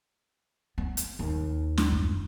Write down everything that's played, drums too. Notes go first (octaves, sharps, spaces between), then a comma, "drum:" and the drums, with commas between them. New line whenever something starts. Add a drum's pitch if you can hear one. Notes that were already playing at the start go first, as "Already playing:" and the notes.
B3
drum: hi-hat
D#2
drum: snare
drum: kick F#2